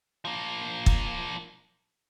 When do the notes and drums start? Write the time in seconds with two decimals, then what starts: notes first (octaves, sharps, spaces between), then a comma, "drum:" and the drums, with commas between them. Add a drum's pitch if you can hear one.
0.25 F3 A#3
0.86 drum: kick